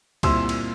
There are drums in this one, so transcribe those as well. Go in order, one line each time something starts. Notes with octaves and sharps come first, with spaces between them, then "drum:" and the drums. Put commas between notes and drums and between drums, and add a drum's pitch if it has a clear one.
A#2 G3 C4 E4 C6 E6, drum: kick C#2, cymbal
drum: cymbal